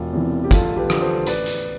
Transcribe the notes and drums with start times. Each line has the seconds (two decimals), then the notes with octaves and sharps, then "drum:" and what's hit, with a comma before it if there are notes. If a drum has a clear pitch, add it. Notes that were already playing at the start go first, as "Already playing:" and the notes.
Already playing: E1 F4
0.13 E2 C3 E3
0.44 G4
0.51 E2 F4 A4, drum: kick, hi-hat
0.76 G4 B4
0.90 D3 F3, drum: rim click
1.01 A4 C5
1.27 A1 B4 D5, drum: hi-hat
1.46 drum: hi-hat